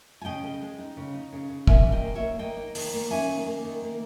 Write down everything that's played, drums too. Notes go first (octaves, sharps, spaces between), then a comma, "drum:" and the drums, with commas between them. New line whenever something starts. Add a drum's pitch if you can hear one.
G#5
C#3 D#5 G5
C#3
G#3
D#4
C#3
D#4
C#3
C#3
A#3 E5 G#5, drum: kick
D#3
D#5 G5
A#3
C#5 E5
A#3
A#3 D#5 G5
D#4
D#3, drum: open hi-hat
A#3
C#4 E5 G#5
D#3
A#3
D#3
A#3